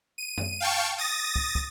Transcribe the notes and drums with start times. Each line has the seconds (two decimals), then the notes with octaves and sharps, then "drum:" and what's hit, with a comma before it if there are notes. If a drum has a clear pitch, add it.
0.18 D#7
0.38 drum: tom F#2
0.60 F5 G5 A5 C#6
0.98 D#6 A6 A#6
1.36 drum: kick
1.55 drum: kick